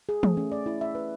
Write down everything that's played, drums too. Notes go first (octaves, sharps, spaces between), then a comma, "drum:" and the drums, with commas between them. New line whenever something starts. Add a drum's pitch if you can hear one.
G#4
A3, drum: tom E3
C#4
D5
E4
E5
B4